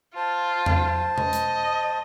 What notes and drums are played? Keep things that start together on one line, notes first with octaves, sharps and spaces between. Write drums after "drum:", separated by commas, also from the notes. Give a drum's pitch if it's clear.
F4 C5 A5
drum: tom E2
D#5, drum: tom B2
drum: hi-hat